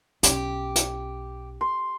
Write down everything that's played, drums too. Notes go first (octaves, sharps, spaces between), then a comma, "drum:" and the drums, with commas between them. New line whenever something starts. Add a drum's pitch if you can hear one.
B1 C#4 G4, drum: hi-hat
drum: hi-hat
C6